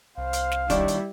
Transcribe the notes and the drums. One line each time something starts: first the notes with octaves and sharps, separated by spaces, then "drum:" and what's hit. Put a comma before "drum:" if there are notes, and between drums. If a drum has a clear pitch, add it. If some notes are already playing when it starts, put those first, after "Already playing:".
C2 C5 F5
drum: hi-hat
drum: snare
D#2 G3 D4 E4, drum: kick, hi-hat
drum: hi-hat